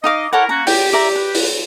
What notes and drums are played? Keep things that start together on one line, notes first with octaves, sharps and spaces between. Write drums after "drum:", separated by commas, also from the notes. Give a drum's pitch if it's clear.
D#4 D#5 F5 D6
E4 A4 A#4 C#5 F#5
A#3 C#4 F#4 A#5
G4 G5, drum: open hi-hat
D5 E5 A#5
B4
drum: open hi-hat